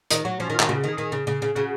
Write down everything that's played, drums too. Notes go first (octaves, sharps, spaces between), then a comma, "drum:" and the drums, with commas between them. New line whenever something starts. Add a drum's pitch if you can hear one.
D#3 D#4, drum: hi-hat
F#3 F#4
F3 C#4
D#3
F4
D#3, drum: clap
C#3 F#4
D#3 G#4
D#3 G#4
C#3
C#3
C#3
C#3 F#4